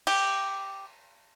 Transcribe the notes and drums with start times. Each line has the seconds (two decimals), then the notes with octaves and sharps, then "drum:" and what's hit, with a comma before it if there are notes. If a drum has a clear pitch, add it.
0.07 G4, drum: cymbal